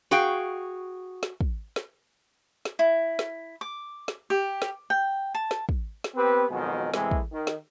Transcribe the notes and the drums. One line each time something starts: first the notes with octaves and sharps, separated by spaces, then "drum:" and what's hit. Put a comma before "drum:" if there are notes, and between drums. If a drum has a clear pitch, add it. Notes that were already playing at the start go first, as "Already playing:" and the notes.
F#4 G#4 F5 G5
drum: snare
drum: kick
drum: snare
drum: snare
E4
drum: snare
D6
drum: snare
G4
drum: snare
G5
A5
drum: snare
drum: kick
drum: snare
B3 C4 G4 B4
F2 B2 D#3 F#3 G#3
E2 C3 E3 G#3 A3, drum: snare
drum: kick
D#3
drum: snare